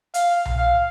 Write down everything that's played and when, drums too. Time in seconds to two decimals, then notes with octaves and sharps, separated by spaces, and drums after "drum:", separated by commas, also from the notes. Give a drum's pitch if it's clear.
0.14 F5, drum: hi-hat
0.46 drum: tom B1
0.57 F5